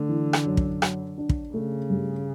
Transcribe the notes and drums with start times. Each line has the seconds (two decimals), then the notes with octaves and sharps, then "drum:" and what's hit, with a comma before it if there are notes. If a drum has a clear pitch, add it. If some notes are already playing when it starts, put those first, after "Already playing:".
Already playing: D3 A3
0.09 E3
0.33 drum: rim click
0.46 F#2
0.57 drum: kick
0.82 F#3, drum: rim click
1.18 D4
1.29 drum: kick
1.53 C#3 A3
1.90 G2